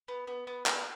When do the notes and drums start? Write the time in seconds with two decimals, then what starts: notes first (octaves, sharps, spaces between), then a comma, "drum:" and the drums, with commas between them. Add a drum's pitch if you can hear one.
0.08 B3
0.27 B3
0.47 B3
0.66 B3, drum: clap